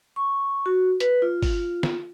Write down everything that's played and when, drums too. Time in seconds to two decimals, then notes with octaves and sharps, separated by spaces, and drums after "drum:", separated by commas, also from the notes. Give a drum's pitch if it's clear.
0.16 C#6
0.66 F#4
1.00 B4, drum: hi-hat
1.22 F4
1.42 drum: kick G1, open hi-hat
1.83 drum: snare